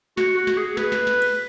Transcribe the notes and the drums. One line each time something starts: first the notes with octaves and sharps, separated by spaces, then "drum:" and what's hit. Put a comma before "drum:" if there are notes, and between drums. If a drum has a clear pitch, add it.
F#4, drum: snare
F#4
drum: snare
G#4
B4, drum: snare
drum: snare
drum: snare
drum: cymbal